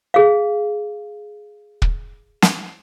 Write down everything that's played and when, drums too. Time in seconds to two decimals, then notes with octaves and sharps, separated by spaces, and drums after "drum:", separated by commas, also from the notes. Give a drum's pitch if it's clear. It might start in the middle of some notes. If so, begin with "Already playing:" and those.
0.14 G#4 F5
1.82 drum: kick
2.42 drum: snare